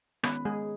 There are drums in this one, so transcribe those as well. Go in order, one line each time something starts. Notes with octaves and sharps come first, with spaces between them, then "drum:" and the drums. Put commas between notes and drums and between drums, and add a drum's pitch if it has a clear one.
D#3 G#3 B3 C#4 B4, drum: rim click
G#3 G#4